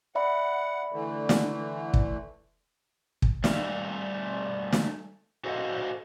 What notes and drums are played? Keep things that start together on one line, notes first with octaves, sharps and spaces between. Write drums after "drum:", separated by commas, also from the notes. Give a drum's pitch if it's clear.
D5 E5 F#5 B5
D3 E3 A3
drum: snare
drum: kick
drum: kick
G3 A3 E5 F5, drum: snare
drum: snare
F#4 A4 C5 D#5 F5 F#5